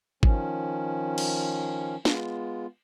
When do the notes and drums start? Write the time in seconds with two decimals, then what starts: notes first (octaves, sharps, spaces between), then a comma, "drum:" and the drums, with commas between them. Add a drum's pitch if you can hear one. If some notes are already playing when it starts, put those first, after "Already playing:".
0.23 D#3 F3 C#4, drum: kick G#1
1.18 drum: cymbal
2.05 G#3 B3 F4, drum: snare